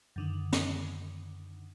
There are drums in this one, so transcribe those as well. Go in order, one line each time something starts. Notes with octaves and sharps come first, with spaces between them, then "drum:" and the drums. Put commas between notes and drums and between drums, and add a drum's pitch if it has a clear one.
F#2 D3 D#3
drum: snare